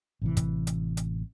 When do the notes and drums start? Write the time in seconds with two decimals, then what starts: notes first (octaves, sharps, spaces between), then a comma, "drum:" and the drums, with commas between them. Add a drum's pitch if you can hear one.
0.22 A1 C3 E3
0.37 drum: kick, hi-hat
0.67 drum: hi-hat
0.97 drum: hi-hat